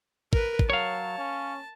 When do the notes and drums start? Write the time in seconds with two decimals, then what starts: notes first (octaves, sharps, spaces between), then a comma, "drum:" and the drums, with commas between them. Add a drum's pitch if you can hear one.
0.33 A#4 B4, drum: kick
0.59 drum: kick
0.70 F#3 C#5 F5 A5
1.18 C#4